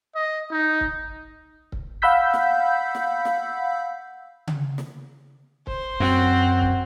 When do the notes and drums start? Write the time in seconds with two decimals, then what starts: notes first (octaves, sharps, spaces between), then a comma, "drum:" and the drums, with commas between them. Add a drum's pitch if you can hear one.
0.15 D#5
0.51 D#4
0.81 drum: kick C#1
1.72 drum: kick C#1
2.02 F5 F#5 B5 E6 G6 B6
2.33 drum: snare
2.95 drum: snare
3.25 drum: snare
4.47 drum: tom C#3
4.78 drum: snare
5.67 C5, drum: kick C#1
6.00 F#2 C4 F#4
6.61 drum: kick C#1